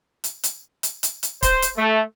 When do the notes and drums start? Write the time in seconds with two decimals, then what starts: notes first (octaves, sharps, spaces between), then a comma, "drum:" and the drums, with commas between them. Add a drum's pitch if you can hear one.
0.24 drum: hi-hat
0.44 drum: hi-hat
0.83 drum: hi-hat
1.03 drum: hi-hat
1.23 drum: hi-hat
1.43 C5, drum: kick, hi-hat
1.62 drum: hi-hat
1.78 A3